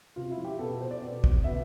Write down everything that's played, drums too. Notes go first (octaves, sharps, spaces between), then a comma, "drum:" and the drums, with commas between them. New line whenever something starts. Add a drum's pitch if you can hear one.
C3 F4
E4
F3
G4
B2 A4
C5
D5
B2
drum: kick
B2 E5